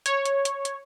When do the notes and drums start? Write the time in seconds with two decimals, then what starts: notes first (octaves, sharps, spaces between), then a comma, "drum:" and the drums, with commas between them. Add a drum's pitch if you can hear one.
0.06 C#5, drum: hi-hat
0.25 drum: hi-hat
0.45 drum: hi-hat
0.65 drum: hi-hat